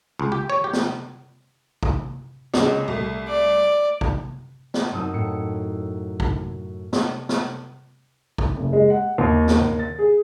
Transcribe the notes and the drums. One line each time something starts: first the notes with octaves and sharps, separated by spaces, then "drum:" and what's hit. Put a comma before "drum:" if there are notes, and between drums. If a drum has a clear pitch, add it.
C#2
G4
C#5
G4
drum: snare
drum: kick
C#2 C#3 G#3, drum: snare
C2 A3
D5
drum: kick
drum: snare
F#2 C4 D#4 A5 D#6 E6
A2 C#7
drum: kick
drum: snare
drum: snare
drum: kick
F#1
G#3
F#5
D#2
drum: snare
D#2
A6
G#4